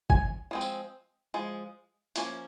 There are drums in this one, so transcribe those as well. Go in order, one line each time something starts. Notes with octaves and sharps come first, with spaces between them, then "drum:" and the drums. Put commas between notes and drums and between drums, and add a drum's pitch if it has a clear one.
G#5, drum: kick G1
F3 G#3 C4
drum: tambourine
F3 G#3
F3 A#3 C#4, drum: hi-hat